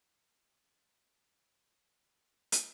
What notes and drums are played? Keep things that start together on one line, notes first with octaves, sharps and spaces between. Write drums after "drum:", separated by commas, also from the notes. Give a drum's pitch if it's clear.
A3
drum: hi-hat